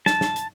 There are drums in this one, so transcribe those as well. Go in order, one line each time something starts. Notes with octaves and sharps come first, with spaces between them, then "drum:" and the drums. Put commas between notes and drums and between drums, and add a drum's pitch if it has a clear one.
A5, drum: snare
drum: snare
drum: hi-hat